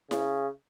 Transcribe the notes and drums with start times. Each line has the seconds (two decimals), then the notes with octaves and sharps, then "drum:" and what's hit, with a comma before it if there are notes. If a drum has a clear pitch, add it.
0.11 C#3, drum: snare E4